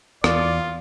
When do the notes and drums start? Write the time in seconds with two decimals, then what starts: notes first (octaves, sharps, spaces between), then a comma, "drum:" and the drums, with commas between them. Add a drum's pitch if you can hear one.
0.24 E2 F4 D5, drum: rim click